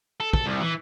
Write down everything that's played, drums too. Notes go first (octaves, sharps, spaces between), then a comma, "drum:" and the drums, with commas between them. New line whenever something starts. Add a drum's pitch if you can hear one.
A4
A4, drum: kick
C2
E3